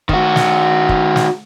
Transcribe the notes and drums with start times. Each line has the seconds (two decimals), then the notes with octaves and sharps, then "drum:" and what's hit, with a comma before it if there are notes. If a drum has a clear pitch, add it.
0.09 D#3 F#4, drum: kick
0.36 drum: snare
0.89 drum: kick
1.16 drum: snare